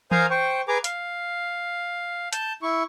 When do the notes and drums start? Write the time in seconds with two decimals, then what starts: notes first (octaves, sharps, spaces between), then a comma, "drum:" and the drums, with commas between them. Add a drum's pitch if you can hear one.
0.11 A#4 C5 F5 G#5 A#5 D#6, drum: tom E3
0.30 C5 G5 C#6
0.68 G#4 B4 G#5 A#5 D6
0.84 F5, drum: hi-hat
2.33 A5 G6, drum: hi-hat
2.62 E4 C#6